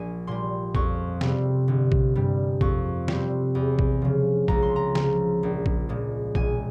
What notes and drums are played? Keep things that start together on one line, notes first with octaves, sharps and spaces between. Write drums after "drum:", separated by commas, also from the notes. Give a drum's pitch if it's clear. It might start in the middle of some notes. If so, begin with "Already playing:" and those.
Already playing: A#1 G#5
A#2 G3 C6
F2 C#6, drum: kick A#1
C3 G3 C4, drum: snare
G1
drum: kick A#1
G2 G3
F2 C#6, drum: kick A#1
C3 G3 C4, drum: snare
E2
drum: kick A#1
C#3 F3
C#2 A#5, drum: kick A#1
C6
A#5
C#3 F3, drum: snare
A#1
drum: kick A#1
A#2 G#3
E1 G#5, drum: kick A#1